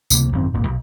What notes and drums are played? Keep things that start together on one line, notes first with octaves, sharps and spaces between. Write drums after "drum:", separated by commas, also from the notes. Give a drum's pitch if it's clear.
C#2 C3 A#3, drum: tambourine
G#1 F#2 C4
D#1 G#1 A#3
B1